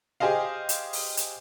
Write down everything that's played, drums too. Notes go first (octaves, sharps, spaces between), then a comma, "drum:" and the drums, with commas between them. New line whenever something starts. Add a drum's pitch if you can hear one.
G4 G#4 C5 D#5 F5
drum: hi-hat
drum: open hi-hat
drum: hi-hat